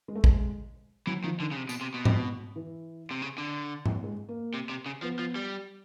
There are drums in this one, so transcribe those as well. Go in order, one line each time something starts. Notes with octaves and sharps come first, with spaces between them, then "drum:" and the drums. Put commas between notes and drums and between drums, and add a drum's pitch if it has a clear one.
G#3
A3
G#3, drum: kick A1
E3 F#3
D#3 F3
D3 D#3
C#3
C3
B2, drum: tambourine
C3
B2
drum: tom G#2
E3
C3
C#3
D3
drum: tom G#2
G#3
A#3
C3
C3
C#3
F3 B3
F3
G3